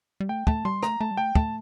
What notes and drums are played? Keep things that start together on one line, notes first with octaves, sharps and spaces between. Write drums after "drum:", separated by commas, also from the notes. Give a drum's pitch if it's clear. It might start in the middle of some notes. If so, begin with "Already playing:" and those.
G3
A3 G5
A3 A5, drum: kick
G3 C6
A3 A#5, drum: rim click
A3 A5
G3
A3 G5
A3 A5, drum: kick